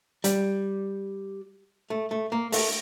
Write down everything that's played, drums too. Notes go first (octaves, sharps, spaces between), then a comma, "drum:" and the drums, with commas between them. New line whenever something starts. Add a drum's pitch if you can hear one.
G3, drum: hi-hat
A3
A3
A#3
A3, drum: open hi-hat